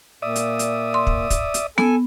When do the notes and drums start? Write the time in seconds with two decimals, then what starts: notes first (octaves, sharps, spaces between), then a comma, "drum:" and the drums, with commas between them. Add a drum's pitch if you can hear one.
0.22 A#2 D5 E5 D#6
0.36 drum: hi-hat
0.59 drum: hi-hat
0.94 C6
1.07 drum: kick
1.30 drum: kick, hi-hat
1.54 drum: hi-hat
1.78 B3 A4 G#5, drum: snare